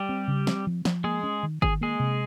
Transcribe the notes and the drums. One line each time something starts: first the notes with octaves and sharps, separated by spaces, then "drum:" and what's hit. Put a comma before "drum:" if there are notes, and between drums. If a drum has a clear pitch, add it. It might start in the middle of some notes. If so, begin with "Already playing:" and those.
Already playing: G3 G4
C4
C#3
C4, drum: snare
F3
F3, drum: snare
G#3 A#3 G#4
C#4
D#3
D#3 G#4, drum: kick G1
G#3 A#3 G#4
C3